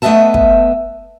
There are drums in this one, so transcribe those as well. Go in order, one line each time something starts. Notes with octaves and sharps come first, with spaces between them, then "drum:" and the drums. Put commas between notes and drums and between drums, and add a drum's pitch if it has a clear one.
A3 B3 B4 D#5 E5 A5
drum: kick